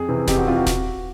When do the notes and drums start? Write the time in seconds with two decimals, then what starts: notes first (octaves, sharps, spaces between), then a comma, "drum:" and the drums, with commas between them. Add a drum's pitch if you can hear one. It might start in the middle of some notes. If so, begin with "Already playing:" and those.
Already playing: F2 G#4
0.09 C3 E3
0.28 F2 G4, drum: snare D#1
0.37 F#4
0.47 C3 E3 F4
0.56 F#4
0.67 drum: snare D#1